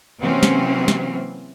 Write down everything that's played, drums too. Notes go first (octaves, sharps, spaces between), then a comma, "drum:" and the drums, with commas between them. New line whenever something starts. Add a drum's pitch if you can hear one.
C3 E3 F#3 A#3 C4 C#4
drum: snare
drum: snare